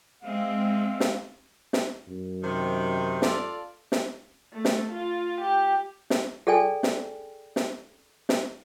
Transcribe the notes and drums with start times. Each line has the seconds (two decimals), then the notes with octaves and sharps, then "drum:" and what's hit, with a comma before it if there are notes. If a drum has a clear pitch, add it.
0.23 G#3 C4 E5 F5
1.00 drum: snare
1.73 drum: snare
2.07 F#2
2.43 C3 D#3
3.22 F4 A4 D5, drum: snare
3.92 drum: snare
4.54 A3
4.65 drum: snare
4.92 F4
5.41 G4
6.10 drum: snare
6.47 G#4 A4 D5 G5 G#5
6.83 drum: snare
7.56 drum: snare
8.29 drum: snare